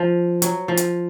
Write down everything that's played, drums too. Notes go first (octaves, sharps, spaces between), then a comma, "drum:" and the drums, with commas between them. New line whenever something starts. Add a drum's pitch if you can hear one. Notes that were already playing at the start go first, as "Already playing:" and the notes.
Already playing: F3
F#3, drum: hi-hat
F3
drum: hi-hat